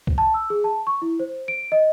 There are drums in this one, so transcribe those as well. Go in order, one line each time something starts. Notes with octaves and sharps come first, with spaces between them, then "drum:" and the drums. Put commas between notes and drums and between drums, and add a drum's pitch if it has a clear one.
drum: kick C2
A5
E6
G#4
A5
C#6
E4
C5
D7
D#5